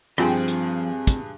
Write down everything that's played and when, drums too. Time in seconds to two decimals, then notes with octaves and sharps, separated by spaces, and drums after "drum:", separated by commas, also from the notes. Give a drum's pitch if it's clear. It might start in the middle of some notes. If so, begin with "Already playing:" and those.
0.18 G2 F3 C4 F4 G#4 C5 D7, drum: rim click
0.48 drum: hi-hat
1.07 drum: kick, hi-hat